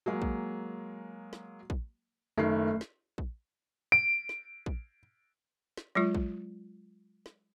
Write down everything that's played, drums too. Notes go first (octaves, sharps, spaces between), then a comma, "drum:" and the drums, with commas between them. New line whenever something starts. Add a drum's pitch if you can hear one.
F#3 G#3 A#3
drum: kick
drum: snare
drum: kick
F#1 D#3 A3 C7
drum: snare
drum: kick
D7
drum: snare
drum: kick
drum: snare
F#3 G#3 F4
drum: kick
drum: snare